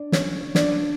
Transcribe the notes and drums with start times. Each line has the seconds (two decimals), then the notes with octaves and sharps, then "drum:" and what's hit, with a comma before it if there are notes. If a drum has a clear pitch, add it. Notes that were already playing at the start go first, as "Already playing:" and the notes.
Already playing: D4 D5
0.12 C#4 C#5, drum: snare
0.55 D4 D5, drum: snare